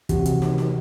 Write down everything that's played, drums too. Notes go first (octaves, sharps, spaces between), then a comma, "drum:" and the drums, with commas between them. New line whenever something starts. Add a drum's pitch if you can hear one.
C3 D#3 E3 F#4 G4, drum: kick, hi-hat
drum: hi-hat
drum: snare
drum: snare